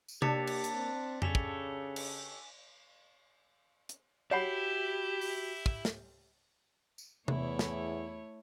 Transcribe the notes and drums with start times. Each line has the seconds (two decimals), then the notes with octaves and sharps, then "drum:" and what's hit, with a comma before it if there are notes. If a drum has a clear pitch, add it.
0.08 drum: tambourine
0.22 A#3 D4 G4 C#5 E6 A6 B6 C#7, drum: tom C3
0.47 drum: cymbal
0.64 drum: hi-hat
0.74 C4
1.22 C#3 G4 A4 C#5 G#5 B6 F7, drum: tom F2
1.35 drum: kick
1.96 drum: cymbal
3.89 drum: hi-hat
4.31 E4 F#4 G4 C#5 F#5 B5
5.21 drum: open hi-hat
5.66 drum: kick
5.85 drum: snare
6.98 drum: tambourine
7.28 E2 A3 E4 C#5, drum: tom C3
7.59 drum: snare